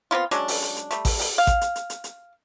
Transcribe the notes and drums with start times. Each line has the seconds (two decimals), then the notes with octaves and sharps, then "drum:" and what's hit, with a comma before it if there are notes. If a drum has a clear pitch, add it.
0.11 B3 C4 E4 F4
0.31 F#3 G#3 C#4 D4, drum: hi-hat
0.48 drum: open hi-hat
0.62 drum: hi-hat
0.76 drum: hi-hat
0.91 G3 A3, drum: hi-hat
1.05 drum: kick A1, open hi-hat
1.19 drum: open hi-hat
1.38 F5
1.47 drum: kick A1, hi-hat
1.61 drum: hi-hat
1.76 drum: hi-hat
1.90 drum: hi-hat
2.04 drum: hi-hat